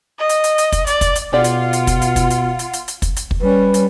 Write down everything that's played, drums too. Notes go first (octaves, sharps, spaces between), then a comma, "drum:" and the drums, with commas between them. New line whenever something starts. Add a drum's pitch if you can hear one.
D#5
drum: hi-hat
drum: hi-hat
drum: hi-hat
drum: kick, hi-hat
D5, drum: hi-hat
drum: kick, hi-hat
drum: hi-hat
B2 F4 G4 G#4 D5 F#5
drum: hi-hat
drum: hi-hat
drum: kick, hi-hat
drum: hi-hat
drum: kick, hi-hat
drum: hi-hat
drum: hi-hat
drum: hi-hat
drum: hi-hat
drum: kick, hi-hat
drum: hi-hat
drum: kick
G3 C#4 B4
drum: hi-hat